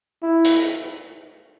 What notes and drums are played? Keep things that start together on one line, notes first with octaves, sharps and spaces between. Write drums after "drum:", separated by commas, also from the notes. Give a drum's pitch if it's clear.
E4
drum: hi-hat